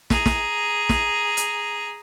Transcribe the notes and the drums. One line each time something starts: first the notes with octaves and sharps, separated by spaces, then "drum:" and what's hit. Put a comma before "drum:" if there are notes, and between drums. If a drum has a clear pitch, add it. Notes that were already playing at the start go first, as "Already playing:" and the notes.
G#4 A#5, drum: snare
drum: snare
drum: snare
drum: hi-hat